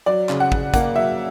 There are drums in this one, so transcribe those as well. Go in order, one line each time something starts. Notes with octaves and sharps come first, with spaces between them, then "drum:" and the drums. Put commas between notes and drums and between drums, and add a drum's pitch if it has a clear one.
F#3 D5
C#3, drum: clap
F#5
C#3, drum: kick
A#3 F#5, drum: kick, hi-hat
F#3 E5